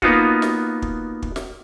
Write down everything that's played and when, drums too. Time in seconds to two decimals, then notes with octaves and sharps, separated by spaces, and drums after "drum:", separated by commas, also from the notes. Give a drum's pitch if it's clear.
0.02 A#3 B3 D#4 F4 F#4, drum: kick
0.42 drum: snare
0.82 drum: kick
1.22 drum: kick
1.36 drum: snare